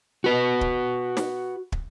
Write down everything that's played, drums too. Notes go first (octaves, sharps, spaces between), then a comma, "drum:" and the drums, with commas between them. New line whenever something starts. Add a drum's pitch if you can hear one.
F#4 B4
drum: kick
drum: snare
drum: kick